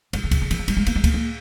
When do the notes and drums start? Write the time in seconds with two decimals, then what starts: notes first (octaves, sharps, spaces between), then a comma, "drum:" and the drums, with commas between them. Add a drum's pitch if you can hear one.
0.13 G2, drum: cymbal
0.24 D3
0.31 C3, drum: kick C#2, cymbal
0.42 D3
0.51 D#3, drum: cymbal
0.59 F3
0.68 G3, drum: cymbal
0.77 G#3
0.86 A#3, drum: cymbal
0.96 G#3
1.04 A#3, drum: kick C#2, cymbal
1.14 A#3